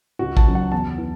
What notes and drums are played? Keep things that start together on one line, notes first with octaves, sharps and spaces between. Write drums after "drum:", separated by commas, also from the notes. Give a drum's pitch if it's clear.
C#2 F#4
A5, drum: kick A1
C#3 F#3
F#5
E2 A5
E3